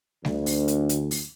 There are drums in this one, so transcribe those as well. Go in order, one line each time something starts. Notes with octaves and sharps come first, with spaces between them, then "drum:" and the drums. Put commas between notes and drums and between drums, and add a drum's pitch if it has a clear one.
D2, drum: snare
drum: open hi-hat
drum: hi-hat
drum: hi-hat
drum: open hi-hat